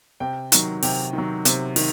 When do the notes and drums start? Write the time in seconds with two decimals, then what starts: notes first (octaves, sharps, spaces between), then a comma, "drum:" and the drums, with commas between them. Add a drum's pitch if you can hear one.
0.20 C3 G5
0.52 D#3 F#3, drum: hi-hat
0.82 C3 G5, drum: open hi-hat
1.13 D#3 F#3
1.45 C3, drum: hi-hat
1.76 D#3, drum: open hi-hat